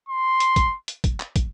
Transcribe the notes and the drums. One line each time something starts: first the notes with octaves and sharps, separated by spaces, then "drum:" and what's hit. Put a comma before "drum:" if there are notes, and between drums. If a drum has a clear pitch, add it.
C6
drum: hi-hat
drum: kick, hi-hat
drum: hi-hat
drum: kick, hi-hat
drum: clap
drum: kick, hi-hat